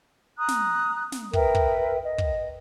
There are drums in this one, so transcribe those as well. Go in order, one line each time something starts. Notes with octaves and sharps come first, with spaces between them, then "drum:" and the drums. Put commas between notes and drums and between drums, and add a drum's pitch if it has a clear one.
A#5 D#6 F#6
drum: snare
drum: snare
A#4 B4 E5 G5, drum: kick
drum: kick
D#5
drum: kick